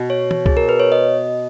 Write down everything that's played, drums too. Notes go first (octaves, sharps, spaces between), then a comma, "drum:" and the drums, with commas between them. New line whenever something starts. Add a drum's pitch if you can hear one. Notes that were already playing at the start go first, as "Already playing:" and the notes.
Already playing: B2
C#5
drum: tom
G#4, drum: kick C2
A#4
B4
C#5
D#5